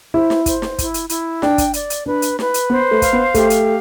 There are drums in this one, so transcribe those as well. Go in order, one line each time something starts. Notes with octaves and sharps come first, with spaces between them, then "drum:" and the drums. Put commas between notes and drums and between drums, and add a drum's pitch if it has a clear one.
E4 C5
drum: snare
C5, drum: kick, hi-hat
drum: snare
E4, drum: kick, hi-hat
drum: hi-hat
E4, drum: hi-hat
D4 G5, drum: snare
drum: kick, hi-hat
D5, drum: hi-hat
drum: hi-hat
D4 B4
drum: hi-hat
B4, drum: snare
drum: hi-hat
B3 C5
A3
F5, drum: kick, hi-hat
B3
A3 G4, drum: kick, hi-hat
drum: hi-hat